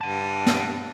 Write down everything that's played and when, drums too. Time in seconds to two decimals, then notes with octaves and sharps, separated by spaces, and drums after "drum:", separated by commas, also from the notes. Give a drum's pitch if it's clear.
0.01 G2 F#5 A5
0.47 drum: snare